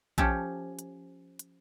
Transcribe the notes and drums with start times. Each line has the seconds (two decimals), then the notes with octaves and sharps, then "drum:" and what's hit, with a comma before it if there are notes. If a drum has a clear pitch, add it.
0.18 F3 C#4 G4 A4, drum: kick A#1, hi-hat
0.79 drum: hi-hat
1.39 drum: hi-hat